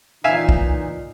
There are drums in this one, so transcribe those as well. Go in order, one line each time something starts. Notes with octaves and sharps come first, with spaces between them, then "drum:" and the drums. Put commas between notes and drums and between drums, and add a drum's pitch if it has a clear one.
A#2 E3 D#4 E5 F5 G#5
drum: kick